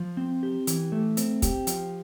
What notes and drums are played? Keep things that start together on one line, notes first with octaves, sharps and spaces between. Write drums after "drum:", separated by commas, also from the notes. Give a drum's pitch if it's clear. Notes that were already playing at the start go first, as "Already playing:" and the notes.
Already playing: F3
C4
G4
E3, drum: hi-hat
A3
C4, drum: hi-hat
G4, drum: kick, hi-hat
F3, drum: hi-hat